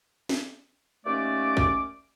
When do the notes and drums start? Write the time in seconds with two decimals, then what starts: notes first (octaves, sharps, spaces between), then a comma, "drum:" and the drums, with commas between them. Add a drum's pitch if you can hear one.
0.29 drum: snare
1.06 D#2 A3 C#4 D5 D6
1.57 drum: kick